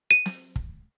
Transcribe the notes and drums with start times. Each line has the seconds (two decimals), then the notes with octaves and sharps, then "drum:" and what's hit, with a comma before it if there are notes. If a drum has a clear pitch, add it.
0.11 D#7
0.26 drum: snare
0.56 drum: kick